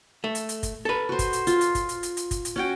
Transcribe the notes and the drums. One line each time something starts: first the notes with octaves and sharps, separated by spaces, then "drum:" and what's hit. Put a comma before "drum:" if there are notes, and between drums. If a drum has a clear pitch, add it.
A3
drum: hi-hat
drum: hi-hat
drum: kick, hi-hat
A4 B4
F#4 C5
drum: kick, hi-hat
drum: hi-hat
F4, drum: hi-hat
drum: hi-hat
drum: kick, hi-hat
drum: hi-hat
drum: hi-hat
drum: hi-hat
drum: kick, hi-hat
drum: hi-hat
C#4 F#4 G5